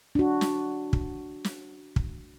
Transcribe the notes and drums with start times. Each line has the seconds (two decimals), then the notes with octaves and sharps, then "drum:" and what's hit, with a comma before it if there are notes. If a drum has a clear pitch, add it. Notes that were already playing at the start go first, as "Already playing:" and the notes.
0.15 D4 F#4
0.41 drum: snare
0.93 drum: kick
1.44 drum: snare
1.96 drum: kick